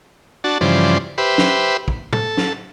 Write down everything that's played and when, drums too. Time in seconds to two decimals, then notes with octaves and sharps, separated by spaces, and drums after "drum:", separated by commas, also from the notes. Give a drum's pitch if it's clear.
0.44 D4 F#4 A5
0.61 G2 C#3 E3 F3 C5 D5
1.18 G4 B4 C5 E5
1.38 drum: snare
1.88 drum: kick
2.13 A4, drum: tom A2
2.37 drum: snare